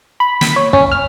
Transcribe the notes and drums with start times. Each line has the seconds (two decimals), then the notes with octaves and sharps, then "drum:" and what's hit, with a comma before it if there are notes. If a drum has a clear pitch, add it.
0.20 B5
0.41 B6, drum: snare
0.56 C#5
0.73 C#4, drum: kick
0.92 F6